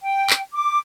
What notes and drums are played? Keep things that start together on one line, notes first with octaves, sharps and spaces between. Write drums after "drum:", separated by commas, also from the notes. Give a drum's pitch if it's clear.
G5
drum: clap
D6